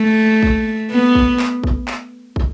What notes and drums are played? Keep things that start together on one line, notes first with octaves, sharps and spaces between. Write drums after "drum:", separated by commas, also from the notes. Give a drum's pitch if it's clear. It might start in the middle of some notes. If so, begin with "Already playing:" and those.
Already playing: A3
drum: kick
B3
drum: kick
drum: clap
drum: kick
drum: clap
drum: kick